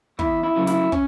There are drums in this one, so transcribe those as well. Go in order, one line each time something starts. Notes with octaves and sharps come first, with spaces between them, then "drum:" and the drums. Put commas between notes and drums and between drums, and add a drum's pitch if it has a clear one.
E2 E4, drum: kick
E4
C#3 F#3 A3
E4, drum: snare
C#4, drum: kick